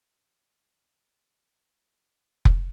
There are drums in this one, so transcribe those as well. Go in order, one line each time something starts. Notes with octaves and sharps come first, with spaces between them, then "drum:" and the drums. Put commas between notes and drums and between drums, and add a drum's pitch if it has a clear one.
D6
B4
D6
drum: kick F1